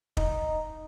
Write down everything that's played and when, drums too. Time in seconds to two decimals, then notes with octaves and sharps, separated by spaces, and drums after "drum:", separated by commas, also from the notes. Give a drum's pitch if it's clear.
0.17 D#4, drum: kick